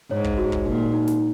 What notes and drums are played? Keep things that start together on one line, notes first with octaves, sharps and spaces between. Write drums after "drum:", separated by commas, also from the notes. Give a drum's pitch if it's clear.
G#2 C#5
drum: kick
F#4
drum: kick
A#2 D#4
D#4
drum: snare